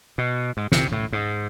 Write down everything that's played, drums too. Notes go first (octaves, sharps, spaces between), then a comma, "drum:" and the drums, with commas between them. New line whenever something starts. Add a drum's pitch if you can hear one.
B2
G#2
C3, drum: snare
A2
G#2